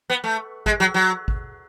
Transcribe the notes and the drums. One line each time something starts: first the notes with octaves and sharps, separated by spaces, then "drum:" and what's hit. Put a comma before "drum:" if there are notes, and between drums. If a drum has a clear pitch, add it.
B3
A3
G#3, drum: kick
F#3
F#3
drum: kick